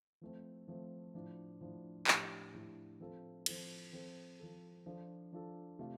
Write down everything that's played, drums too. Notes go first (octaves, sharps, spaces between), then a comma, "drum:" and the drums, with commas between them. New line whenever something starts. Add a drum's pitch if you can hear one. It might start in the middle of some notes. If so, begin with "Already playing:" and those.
F3 A3 C4
F3 A3 C4
A2 F3 D4
A2 F3 D4
A2 F3 D4 G4, drum: clap
A2 F3 D4 G4
F3 C4 F4 A4
F3 C4 F4 A4, drum: cymbal
F3 C4 A4
F3 C4 A4
F3 D4 F4 A4
F3 D4 F4 A4
C3 A3 D4 F4